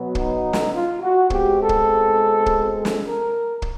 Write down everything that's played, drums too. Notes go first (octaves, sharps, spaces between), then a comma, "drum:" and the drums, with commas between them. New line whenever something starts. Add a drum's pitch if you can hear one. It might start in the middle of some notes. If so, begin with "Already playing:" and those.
Already playing: B2 F#3 B3
D#4, drum: kick
drum: snare
F4
F#4
B2 G#3 C4 G4, drum: kick
A4
drum: kick
drum: kick
drum: snare
A#4
drum: kick